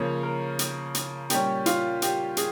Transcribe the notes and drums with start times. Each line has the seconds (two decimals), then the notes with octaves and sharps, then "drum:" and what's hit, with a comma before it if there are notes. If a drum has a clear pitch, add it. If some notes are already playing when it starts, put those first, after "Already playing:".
Already playing: C#3 F3 A#3 C#5
0.23 A#4
0.59 drum: hi-hat
0.95 drum: hi-hat
1.30 A#2 G3 C#4 G4, drum: hi-hat
1.66 F4, drum: hi-hat
2.02 G4, drum: hi-hat
2.37 G#4, drum: hi-hat